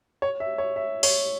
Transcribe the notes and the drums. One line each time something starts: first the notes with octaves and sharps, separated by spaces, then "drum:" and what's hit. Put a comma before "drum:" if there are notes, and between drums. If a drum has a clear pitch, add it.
C#5
E5
C#5
E5
C#5, drum: open hi-hat